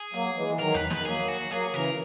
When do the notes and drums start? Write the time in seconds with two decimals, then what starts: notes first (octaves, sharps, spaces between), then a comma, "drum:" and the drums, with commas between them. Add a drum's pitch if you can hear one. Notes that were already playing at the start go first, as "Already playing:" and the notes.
Already playing: G#4
0.14 F#3 A#3, drum: hi-hat
0.36 E3 G#3
0.48 E3
0.59 D#3 F#3 A#4, drum: hi-hat
0.74 B4, drum: tom E2
0.90 B4, drum: snare
1.05 F#3 A#3 G#4, drum: hi-hat
1.28 F#4
1.51 F#3 A#3 G#4, drum: hi-hat
1.74 C#3 E3 A#4